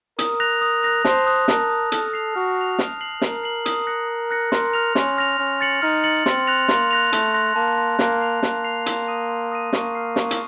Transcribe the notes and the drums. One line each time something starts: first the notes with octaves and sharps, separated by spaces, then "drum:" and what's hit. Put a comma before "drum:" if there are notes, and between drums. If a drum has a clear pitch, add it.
A#4 D#6, drum: hi-hat
F#6 A#6 F7
D#6
F#6 A#6 F7
C5 A5, drum: snare
D#6 F#6
A#4 A5, drum: snare
D#6 F#6
A4 F6, drum: hi-hat
C7 F7
F#4 F6
C7 F7
F6, drum: snare
C7 F#7
A#4 F6, drum: snare
C7 F#7
D#6, drum: hi-hat
F#6 A#6 C#7
D#6
F#6 A#6 C#7
A#4 C6, drum: snare
F6 A#6 F7
C#4 C6, drum: snare
F6 A#6 F7
C#4 F6
A6 C#7 F#7
D#4 F6
A6 C#7 F#7
C4 C6, drum: snare
F#6 A#6 F7
A#3 C6, drum: snare
F#6 A#6 F7
A3 A5, drum: hi-hat
C6 F#6 A#6
A#3 A5
C6 F#6 A#6
A#3 F#6, drum: snare
C7 F7
A#3 F#6, drum: snare
C7 F7
C6, drum: hi-hat
D#6 A#6 D#7
C6
D#6 A#6 D#7
A#3 C#6, drum: snare
F6 C7
C#6, drum: snare
drum: hi-hat